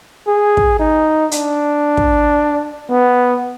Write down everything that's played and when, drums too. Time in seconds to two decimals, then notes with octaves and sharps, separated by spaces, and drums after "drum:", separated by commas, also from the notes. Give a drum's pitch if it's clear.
0.27 G#4
0.57 drum: kick
0.79 D#4
1.31 D4, drum: hi-hat
1.97 drum: kick
2.90 B3